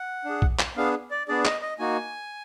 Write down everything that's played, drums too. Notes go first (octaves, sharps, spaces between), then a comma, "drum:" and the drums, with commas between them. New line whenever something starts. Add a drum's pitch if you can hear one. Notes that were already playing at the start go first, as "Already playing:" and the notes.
Already playing: F#5
D4 G#4
drum: kick
drum: clap
B3 D4 G#4 F5
D5
B3 D4 G#4 D5
D#5, drum: clap
D#5
A#3 D#4 F#4 G#5